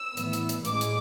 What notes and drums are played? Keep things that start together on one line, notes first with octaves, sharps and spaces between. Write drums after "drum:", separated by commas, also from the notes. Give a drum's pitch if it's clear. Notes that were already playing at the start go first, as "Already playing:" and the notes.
Already playing: E6
A2 E3 B3, drum: hi-hat
drum: hi-hat
drum: hi-hat
A1 A2 G#3 D6, drum: hi-hat
drum: hi-hat